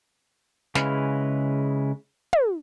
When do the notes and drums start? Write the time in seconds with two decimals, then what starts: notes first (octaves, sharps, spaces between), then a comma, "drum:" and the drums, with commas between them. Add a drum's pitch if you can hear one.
0.75 C#3 G#3 E4 B4 F5, drum: snare
2.33 drum: tom